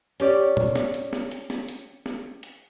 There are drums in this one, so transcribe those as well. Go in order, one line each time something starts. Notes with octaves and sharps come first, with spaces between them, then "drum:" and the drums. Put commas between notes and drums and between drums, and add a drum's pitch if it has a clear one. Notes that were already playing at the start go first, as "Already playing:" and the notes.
C#4 G4 D5, drum: hi-hat
drum: tom A#2
drum: snare
drum: hi-hat
drum: snare
drum: hi-hat
drum: snare
drum: hi-hat
drum: snare
drum: hi-hat